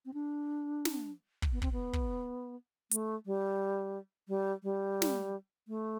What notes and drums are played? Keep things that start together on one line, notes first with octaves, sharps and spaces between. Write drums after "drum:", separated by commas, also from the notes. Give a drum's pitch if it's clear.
C4
D4
drum: snare
drum: kick
B3
C4, drum: kick
B3
drum: kick
A3, drum: hi-hat
G3
G3
G3
drum: snare
A3